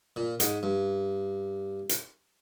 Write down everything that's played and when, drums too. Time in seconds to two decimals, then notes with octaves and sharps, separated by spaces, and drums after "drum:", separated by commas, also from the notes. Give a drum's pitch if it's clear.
0.16 A#2
0.40 G#2, drum: hi-hat
0.63 G2
1.89 drum: hi-hat